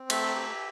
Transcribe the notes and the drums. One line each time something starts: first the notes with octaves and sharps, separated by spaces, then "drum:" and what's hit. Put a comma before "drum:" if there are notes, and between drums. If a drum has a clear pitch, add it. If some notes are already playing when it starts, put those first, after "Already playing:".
Already playing: C4
A3 E5, drum: cymbal
G4